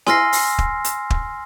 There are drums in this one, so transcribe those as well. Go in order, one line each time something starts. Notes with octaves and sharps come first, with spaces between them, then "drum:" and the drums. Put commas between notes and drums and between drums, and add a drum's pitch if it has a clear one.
G#5 C6 E6 F6 A#6 C7, drum: snare E4
drum: open hi-hat
drum: kick
drum: hi-hat
drum: kick